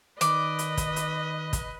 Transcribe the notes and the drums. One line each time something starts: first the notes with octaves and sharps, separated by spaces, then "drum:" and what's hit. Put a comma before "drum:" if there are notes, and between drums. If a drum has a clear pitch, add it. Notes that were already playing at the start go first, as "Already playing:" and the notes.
D#3 B4 D5 D#5, drum: hi-hat
drum: hi-hat
drum: kick, hi-hat
drum: hi-hat
drum: kick, hi-hat